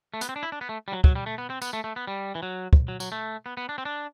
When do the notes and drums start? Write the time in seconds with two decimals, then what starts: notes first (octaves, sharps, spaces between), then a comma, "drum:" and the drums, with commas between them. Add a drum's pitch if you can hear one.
0.14 A3
0.21 B3, drum: hi-hat
0.29 C4
0.36 D4
0.43 E4
0.52 D4
0.61 B3
0.69 A3
0.88 G3
0.93 F#3
1.04 F#3, drum: kick
1.15 G3
1.26 A3
1.38 B3
1.50 C4
1.62 B3, drum: tambourine
1.73 A3
1.84 A3
1.96 B3
2.07 G3
2.35 E3
2.43 F#3
2.73 drum: kick
2.88 F#3
3.00 F#3, drum: tambourine
3.12 A3
3.46 B3
3.57 B3
3.69 D4
3.78 C4
3.85 D4